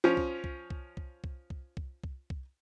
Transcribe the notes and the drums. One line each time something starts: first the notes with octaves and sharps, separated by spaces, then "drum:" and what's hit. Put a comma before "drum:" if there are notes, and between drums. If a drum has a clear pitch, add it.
F3 C#4
drum: kick C2
drum: kick C2
drum: kick C2
drum: kick C2
drum: kick C2
drum: kick C2
drum: kick C2
drum: kick C2
drum: kick C2